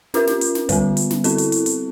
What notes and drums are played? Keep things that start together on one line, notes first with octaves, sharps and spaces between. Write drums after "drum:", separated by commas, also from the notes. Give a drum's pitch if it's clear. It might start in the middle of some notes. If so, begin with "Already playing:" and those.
C#4 F4 A#4, drum: snare
drum: snare
drum: hi-hat
drum: snare
D3 G3 B3, drum: kick, hi-hat
drum: hi-hat
drum: snare
C4 E4 A4, drum: hi-hat
drum: hi-hat
drum: hi-hat
drum: hi-hat